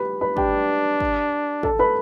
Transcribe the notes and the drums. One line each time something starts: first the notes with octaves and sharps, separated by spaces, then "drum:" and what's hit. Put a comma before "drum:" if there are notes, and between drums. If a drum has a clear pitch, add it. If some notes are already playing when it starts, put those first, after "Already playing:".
Already playing: G4 B4 B5
B4 B5
D4 G4 G5, drum: kick
drum: kick
A4 A5, drum: kick
B4 B5